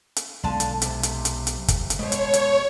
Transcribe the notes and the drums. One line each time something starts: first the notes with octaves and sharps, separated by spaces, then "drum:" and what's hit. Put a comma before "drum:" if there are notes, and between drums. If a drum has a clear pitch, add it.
drum: hi-hat
B1 D3 G#3 F4 A5
drum: hi-hat
C3, drum: hi-hat
drum: hi-hat
drum: hi-hat
drum: hi-hat
drum: kick, hi-hat
drum: hi-hat
B2 G#3 C5 C#5
drum: hi-hat
drum: hi-hat